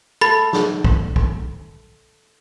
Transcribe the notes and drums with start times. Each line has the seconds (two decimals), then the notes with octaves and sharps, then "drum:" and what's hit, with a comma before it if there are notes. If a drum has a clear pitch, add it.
0.21 A4 B5 A6
0.53 drum: snare
0.84 drum: kick
1.16 drum: kick